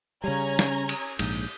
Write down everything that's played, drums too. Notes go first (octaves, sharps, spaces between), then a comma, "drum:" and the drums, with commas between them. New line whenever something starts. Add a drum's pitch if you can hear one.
C#3 G3 C#4 A#5 G#6
drum: snare
drum: cymbal
A#1 G#2 G6, drum: cymbal